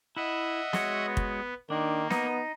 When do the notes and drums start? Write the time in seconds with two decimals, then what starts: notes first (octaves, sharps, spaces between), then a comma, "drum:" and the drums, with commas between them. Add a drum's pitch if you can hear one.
0.17 E4 D#5 E5 F#5
0.73 G#3 F#4 C#5, drum: snare
1.06 B3
1.17 drum: kick
1.70 D#3 A#3 D4
2.10 B3 D#4 D#5, drum: snare